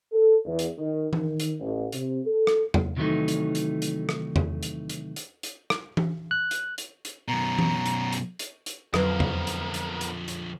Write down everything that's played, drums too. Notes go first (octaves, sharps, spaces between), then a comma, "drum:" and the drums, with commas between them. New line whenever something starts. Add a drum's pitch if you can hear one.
A4
E2
drum: hi-hat
D#3
D#3, drum: tom E3
drum: hi-hat
A1
C3, drum: hi-hat
A4
drum: rim click
drum: tom E2
C3 D#3 E3 F#3 A3 D#4
drum: hi-hat
drum: hi-hat
drum: hi-hat
drum: rim click
drum: tom E2
drum: hi-hat
drum: hi-hat
drum: hi-hat
drum: hi-hat
drum: rim click
drum: tom E3
F#6
drum: hi-hat
drum: hi-hat
drum: hi-hat
F#2 B2 A#5
drum: tom E3
drum: hi-hat
drum: hi-hat
drum: hi-hat
drum: hi-hat
F2 D3 F3 F#3 B3 A#4 B4, drum: rim click
drum: tom E2
drum: hi-hat
drum: hi-hat
drum: hi-hat
drum: hi-hat